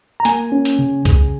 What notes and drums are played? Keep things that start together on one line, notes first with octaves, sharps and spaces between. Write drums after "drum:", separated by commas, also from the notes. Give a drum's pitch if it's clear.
A#5
A#3 G#5, drum: hi-hat
C#4
drum: hi-hat
C#3
C#3, drum: kick C2, hi-hat